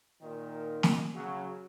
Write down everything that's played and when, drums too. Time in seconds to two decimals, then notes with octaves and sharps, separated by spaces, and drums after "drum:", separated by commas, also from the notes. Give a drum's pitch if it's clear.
0.21 A#2 D#3
0.83 drum: snare
1.14 C#3 F#3